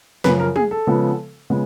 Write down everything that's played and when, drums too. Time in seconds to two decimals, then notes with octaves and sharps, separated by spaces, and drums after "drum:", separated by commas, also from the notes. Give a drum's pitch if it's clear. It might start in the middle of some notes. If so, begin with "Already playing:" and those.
0.24 F#2 C#3 F3 B4, drum: snare
0.40 A#4
0.56 G#4, drum: tom
0.71 A4
0.87 C#3 F3 G#3 B3
1.50 C#3 F3 G#3 B3